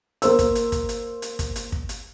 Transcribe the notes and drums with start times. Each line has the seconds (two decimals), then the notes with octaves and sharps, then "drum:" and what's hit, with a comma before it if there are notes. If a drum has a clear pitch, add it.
0.22 A#3 C5 E6, drum: hi-hat
0.39 drum: kick, hi-hat
0.55 drum: hi-hat
0.72 drum: kick, hi-hat
0.89 drum: hi-hat
1.22 drum: hi-hat
1.39 drum: kick, hi-hat
1.56 drum: hi-hat
1.72 drum: kick
1.89 drum: hi-hat